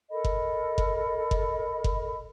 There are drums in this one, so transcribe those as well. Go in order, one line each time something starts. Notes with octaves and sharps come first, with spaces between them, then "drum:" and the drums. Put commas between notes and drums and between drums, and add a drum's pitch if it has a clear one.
A4 A#4 D#5 B5
drum: kick F#1
drum: kick F#1
drum: kick F#1
drum: kick F#1